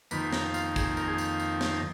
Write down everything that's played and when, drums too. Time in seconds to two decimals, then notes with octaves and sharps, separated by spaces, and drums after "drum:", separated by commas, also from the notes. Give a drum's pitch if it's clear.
0.11 F2 D#3 A#3 B4, drum: tambourine
0.33 A#4, drum: snare
0.54 F4, drum: tambourine
0.76 G#4, drum: kick, tambourine
0.97 A#4, drum: tambourine
1.08 G#4
1.18 drum: tambourine
1.40 drum: tambourine
1.61 drum: snare